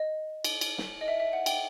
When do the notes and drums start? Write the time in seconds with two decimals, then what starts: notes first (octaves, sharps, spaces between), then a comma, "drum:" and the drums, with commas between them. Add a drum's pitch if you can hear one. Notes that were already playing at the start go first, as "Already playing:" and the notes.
Already playing: D#5
0.44 drum: cymbal
0.61 drum: cymbal
0.78 drum: snare
1.01 D#5
1.08 E5
1.20 E5
1.33 F#5
1.46 G5, drum: cymbal